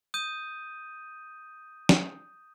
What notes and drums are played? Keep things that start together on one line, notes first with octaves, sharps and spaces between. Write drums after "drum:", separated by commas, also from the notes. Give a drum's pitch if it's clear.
D#6 G6 D#7
drum: snare